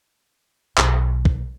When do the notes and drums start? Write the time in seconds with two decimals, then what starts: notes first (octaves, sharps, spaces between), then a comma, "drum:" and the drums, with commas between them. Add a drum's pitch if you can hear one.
0.78 B1 D#3, drum: clap
1.25 drum: kick